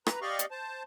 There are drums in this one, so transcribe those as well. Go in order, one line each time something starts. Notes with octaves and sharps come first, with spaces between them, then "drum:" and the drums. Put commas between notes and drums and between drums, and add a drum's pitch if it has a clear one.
B4 A#5, drum: rim click
G4 D5 D#5 F5 C#6
drum: hi-hat
C5 A5